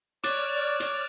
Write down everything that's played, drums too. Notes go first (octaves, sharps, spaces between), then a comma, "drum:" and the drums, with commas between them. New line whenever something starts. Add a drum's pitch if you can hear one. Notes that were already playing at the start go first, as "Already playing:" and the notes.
C#5 D5 D6 F6 F#6 A6, drum: hi-hat
drum: hi-hat